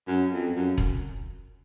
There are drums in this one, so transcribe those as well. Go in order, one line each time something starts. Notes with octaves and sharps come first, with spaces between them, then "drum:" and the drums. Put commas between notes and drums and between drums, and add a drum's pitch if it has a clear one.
F#2
F2
F#2
drum: kick E1